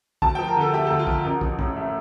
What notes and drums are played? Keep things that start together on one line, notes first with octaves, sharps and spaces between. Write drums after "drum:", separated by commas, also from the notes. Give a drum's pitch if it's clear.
D2 A5, drum: kick
F3 G5
A#4
D3 A4
A3 G4
D2 A4
F4
F3, drum: kick
A1 A#4
F3, drum: kick
A2, drum: kick
A3